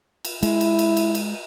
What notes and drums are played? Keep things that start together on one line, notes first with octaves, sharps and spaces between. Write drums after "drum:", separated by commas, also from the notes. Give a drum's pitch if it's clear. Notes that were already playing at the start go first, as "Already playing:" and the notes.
drum: cymbal
G#3 E4, drum: cymbal
drum: cymbal
drum: cymbal
drum: cymbal
drum: cymbal